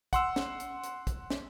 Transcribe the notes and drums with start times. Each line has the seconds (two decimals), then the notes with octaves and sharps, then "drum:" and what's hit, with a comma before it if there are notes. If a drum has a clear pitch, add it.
0.13 F#5 C6 E6, drum: kick, hi-hat
0.36 drum: snare
0.60 drum: hi-hat
0.83 drum: hi-hat
1.07 drum: kick, hi-hat
1.30 drum: snare